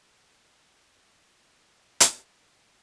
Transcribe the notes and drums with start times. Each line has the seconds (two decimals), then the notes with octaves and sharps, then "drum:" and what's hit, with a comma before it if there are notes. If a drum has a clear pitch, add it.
0.13 F2 E4
2.00 drum: hi-hat